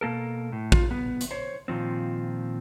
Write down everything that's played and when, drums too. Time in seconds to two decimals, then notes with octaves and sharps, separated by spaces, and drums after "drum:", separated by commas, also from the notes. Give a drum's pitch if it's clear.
0.01 B2 A#3 A4 A#4
0.52 A2
0.72 F4, drum: kick
0.91 B3
1.21 drum: hi-hat
1.31 C5 C#5
1.68 A#2 D#3 F3 C4